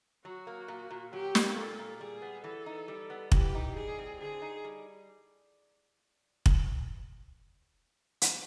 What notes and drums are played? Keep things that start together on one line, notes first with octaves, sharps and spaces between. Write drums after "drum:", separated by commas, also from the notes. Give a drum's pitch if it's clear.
F#3 F#4
A#3
A#2
A#2
F#3 G4
A#3, drum: snare
A#2 A4
A#2
G3 G#4
B3
E3 A4
D#4
G3
B3
E3 G4, drum: kick
D#4
G3 G#4
C4
D3 G#4
D#4
G3
drum: kick
drum: hi-hat